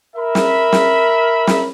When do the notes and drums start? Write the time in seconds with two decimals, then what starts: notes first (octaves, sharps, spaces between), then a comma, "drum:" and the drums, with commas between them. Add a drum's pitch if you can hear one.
0.16 A#4 E5 B5
0.35 drum: snare
0.72 drum: snare
1.47 drum: snare